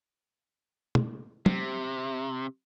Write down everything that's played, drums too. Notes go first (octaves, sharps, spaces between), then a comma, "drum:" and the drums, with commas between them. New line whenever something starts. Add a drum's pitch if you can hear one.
drum: tom
C3, drum: tom